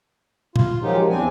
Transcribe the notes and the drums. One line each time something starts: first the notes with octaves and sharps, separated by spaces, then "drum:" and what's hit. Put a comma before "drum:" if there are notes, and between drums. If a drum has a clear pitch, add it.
F4, drum: tom A#2
D#3 F3 F#3 G#3 D#4 G4
F3
E2 C4 D4 G#5